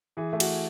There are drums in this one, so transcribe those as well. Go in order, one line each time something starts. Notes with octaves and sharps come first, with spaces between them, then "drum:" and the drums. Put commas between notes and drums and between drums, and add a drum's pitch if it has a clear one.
E3 G#4
A3
F#4, drum: cymbal